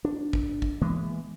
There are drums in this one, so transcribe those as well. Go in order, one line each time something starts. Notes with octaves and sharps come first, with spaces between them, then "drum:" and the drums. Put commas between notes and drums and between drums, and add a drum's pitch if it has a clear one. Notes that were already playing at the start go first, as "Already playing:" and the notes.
D4
drum: kick
drum: kick
E3 G#3 A#3 B3